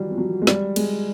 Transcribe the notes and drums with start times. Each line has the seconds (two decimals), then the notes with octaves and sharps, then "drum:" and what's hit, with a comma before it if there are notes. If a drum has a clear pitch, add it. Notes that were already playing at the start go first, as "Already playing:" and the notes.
Already playing: D#3 E3 F#3 G3
0.11 F3
0.18 F#3
0.42 G#3
0.47 G3, drum: snare
0.76 G#3, drum: cymbal